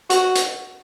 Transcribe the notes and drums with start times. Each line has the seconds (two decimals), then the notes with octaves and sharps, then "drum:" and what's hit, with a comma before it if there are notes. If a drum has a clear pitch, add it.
0.10 F#4, drum: hi-hat
0.35 drum: hi-hat